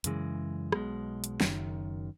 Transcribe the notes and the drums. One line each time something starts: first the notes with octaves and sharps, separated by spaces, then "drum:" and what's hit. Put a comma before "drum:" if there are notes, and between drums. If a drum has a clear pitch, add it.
F#2 C#3 E3 G#3, drum: hi-hat
B1 B2 G#3, drum: rim click
drum: hi-hat
F#1 F#2 D#3, drum: snare